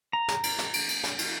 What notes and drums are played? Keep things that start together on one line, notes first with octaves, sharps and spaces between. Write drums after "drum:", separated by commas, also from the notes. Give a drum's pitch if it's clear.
A#5
drum: snare
drum: cymbal
drum: snare
drum: cymbal
drum: cymbal
drum: snare
drum: cymbal